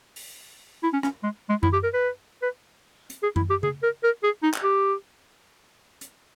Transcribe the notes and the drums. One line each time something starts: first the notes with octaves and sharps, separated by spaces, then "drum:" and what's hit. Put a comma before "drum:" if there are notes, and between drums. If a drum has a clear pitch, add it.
drum: open hi-hat
E4
C#4
C#4, drum: rim click
G#3
G#3
E4, drum: tom F#2
G4
A#4
B4
B4
drum: hi-hat
G#4
E4, drum: tom F#2
G4
G#4, drum: tom
A#4
A#4
G#4
D#4
drum: clap
G4
drum: hi-hat